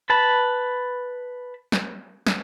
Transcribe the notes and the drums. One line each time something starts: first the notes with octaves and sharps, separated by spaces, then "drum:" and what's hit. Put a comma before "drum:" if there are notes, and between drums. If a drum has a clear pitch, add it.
B4 A5 B5
drum: snare
drum: snare